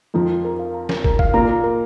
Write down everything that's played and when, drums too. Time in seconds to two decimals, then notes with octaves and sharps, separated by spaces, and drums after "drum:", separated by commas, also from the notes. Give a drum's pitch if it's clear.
0.14 F2 F3 A#5
0.29 A#4
0.45 A#4
0.59 F5
0.74 A#5
0.89 A#4, drum: snare
1.04 A#4, drum: kick
1.19 F5, drum: kick
1.34 A#2 A#3 A#5
1.49 A#4
1.63 A#4